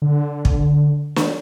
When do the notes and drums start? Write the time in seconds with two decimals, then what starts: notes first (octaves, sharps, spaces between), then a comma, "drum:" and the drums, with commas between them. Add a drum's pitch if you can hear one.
0.02 D3
0.45 drum: kick
1.16 drum: snare